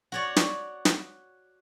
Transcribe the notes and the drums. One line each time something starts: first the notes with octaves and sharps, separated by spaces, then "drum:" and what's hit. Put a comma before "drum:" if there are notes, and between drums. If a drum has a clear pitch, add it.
F#4 C#5 D5
drum: snare
drum: snare